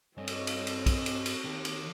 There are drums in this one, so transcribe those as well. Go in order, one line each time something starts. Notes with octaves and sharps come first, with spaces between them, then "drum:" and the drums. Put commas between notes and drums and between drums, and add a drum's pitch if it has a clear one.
G2 C4 C#4 A4 D#5
drum: cymbal
drum: cymbal
drum: cymbal
drum: kick, cymbal
drum: cymbal
drum: cymbal
D#3 G4
drum: cymbal